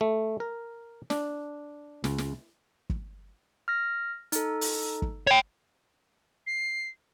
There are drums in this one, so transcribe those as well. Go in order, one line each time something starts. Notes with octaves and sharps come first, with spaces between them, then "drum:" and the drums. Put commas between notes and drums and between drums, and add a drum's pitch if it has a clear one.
A3
A#4
D4, drum: snare
C#2, drum: snare
drum: snare
drum: kick
F6 A#6
D#4 A4, drum: hi-hat
drum: open hi-hat
drum: kick
C#5 G5
C7